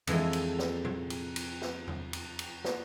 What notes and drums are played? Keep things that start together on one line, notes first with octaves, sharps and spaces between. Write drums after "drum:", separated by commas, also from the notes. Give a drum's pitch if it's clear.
F2 E3 G#3 A4, drum: cymbal
drum: cymbal
drum: snare
drum: tom
drum: cymbal
drum: cymbal
drum: snare
drum: tom E2
drum: cymbal
drum: cymbal
drum: snare